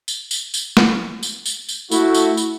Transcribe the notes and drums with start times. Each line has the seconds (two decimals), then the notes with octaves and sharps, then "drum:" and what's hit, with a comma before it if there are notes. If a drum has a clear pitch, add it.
0.08 drum: tambourine
0.31 drum: tambourine
0.54 drum: tambourine
0.77 drum: snare
1.23 drum: tambourine
1.46 drum: tambourine
1.69 drum: tambourine
1.91 A3 E4 F#4, drum: tambourine
2.14 drum: tambourine
2.37 drum: tambourine